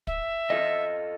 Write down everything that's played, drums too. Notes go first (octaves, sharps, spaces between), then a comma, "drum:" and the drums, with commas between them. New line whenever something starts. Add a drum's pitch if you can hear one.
E5, drum: kick
F4 A4 D#5